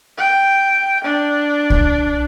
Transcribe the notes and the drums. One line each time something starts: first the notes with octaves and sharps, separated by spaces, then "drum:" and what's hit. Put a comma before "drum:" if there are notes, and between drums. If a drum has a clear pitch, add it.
G5
D4
drum: kick C2